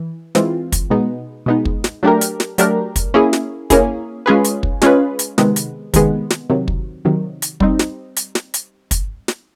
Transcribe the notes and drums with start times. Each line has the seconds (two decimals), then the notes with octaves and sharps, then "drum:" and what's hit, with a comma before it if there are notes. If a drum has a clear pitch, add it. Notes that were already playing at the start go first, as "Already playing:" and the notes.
Already playing: E3
0.35 E3 G#3 C4 F4, drum: snare
0.72 drum: kick, hi-hat
0.90 B2 G#3 B3 D#4
1.46 B2 G#3 B3 D#4
1.65 drum: kick
1.84 drum: snare
2.03 F#3 A3 D4 G4 A#4
2.21 drum: hi-hat
2.40 drum: snare
2.58 F#3 A3 D4 G4 A#4, drum: hi-hat
2.96 drum: kick, hi-hat
3.14 A#3 C#4 E4 G#4
3.33 drum: snare
3.70 A#3 C#4 E4 G#4, drum: kick, hi-hat
4.26 G#3 C#4 F4 G#4 B4
4.44 drum: hi-hat
4.63 drum: kick
4.82 G#3 C#4 F4 G#4 B4, drum: snare
5.19 drum: hi-hat
5.38 C3 D#3 G#3 B3, drum: snare
5.56 drum: hi-hat
5.94 C3 D#3 G#3 B3, drum: kick, hi-hat
6.30 drum: snare
6.50 C3 D#3 F#3
6.68 drum: kick
7.05 C3 D#3 F#3
7.42 drum: hi-hat
7.60 G3 C4 D#4, drum: kick
7.79 drum: snare
8.16 drum: hi-hat
8.35 drum: snare
8.54 drum: hi-hat
8.91 drum: kick, hi-hat
9.28 drum: snare